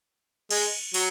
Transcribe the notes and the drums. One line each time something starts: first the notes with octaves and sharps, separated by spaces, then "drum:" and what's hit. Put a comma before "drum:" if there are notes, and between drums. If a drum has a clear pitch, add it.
G#3, drum: cymbal
F#3, drum: open hi-hat